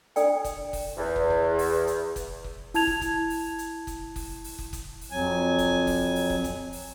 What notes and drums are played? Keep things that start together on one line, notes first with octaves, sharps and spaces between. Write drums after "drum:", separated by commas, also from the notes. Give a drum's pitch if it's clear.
D4 A4 D5 G5, drum: hi-hat
drum: kick, hi-hat
drum: kick, open hi-hat
E2
drum: kick
drum: kick
drum: open hi-hat
drum: hi-hat
drum: kick, hi-hat
drum: kick
E4 A5 G#6 F7, drum: open hi-hat
drum: kick
drum: kick, hi-hat
drum: open hi-hat
drum: hi-hat
drum: kick, hi-hat
drum: kick, open hi-hat
drum: open hi-hat
drum: kick
drum: kick, hi-hat
drum: open hi-hat
F2 F#3 G#5
drum: kick, hi-hat
drum: kick, open hi-hat
drum: open hi-hat
drum: kick
drum: kick, hi-hat
drum: open hi-hat